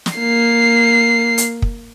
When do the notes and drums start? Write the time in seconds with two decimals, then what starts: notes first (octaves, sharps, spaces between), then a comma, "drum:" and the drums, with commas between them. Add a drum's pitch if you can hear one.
0.06 drum: snare
0.17 A#3 C7
1.38 drum: hi-hat
1.62 drum: kick